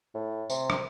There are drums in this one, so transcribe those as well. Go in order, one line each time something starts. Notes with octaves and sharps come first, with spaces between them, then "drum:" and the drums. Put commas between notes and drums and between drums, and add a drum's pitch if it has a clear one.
A2
C3, drum: tambourine
drum: rim click